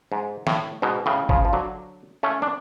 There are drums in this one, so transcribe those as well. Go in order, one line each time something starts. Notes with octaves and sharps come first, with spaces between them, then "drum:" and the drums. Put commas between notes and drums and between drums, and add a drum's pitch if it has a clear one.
G#2
A2, drum: snare
G#2 B2
A2 C#3
C#3 F3, drum: kick
F3
D3 F#3
A3 C#4
D4